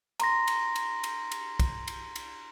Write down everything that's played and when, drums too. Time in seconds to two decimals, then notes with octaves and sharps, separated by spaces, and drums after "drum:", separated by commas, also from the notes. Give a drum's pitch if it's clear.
0.20 A#5 C6 A#6, drum: cymbal
0.48 drum: cymbal
0.76 drum: cymbal
1.04 drum: cymbal
1.32 drum: cymbal
1.60 drum: kick, cymbal
1.88 drum: cymbal
2.16 drum: cymbal